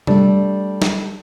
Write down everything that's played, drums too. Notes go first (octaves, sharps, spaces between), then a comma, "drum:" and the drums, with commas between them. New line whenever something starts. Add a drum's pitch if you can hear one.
G3 A3 D4, drum: tom C3
drum: snare